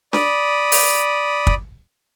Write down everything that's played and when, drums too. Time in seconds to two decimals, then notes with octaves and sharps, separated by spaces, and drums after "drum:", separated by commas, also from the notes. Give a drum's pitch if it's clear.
0.13 D5 B5 D#6, drum: snare D4
0.72 drum: open hi-hat
1.47 drum: kick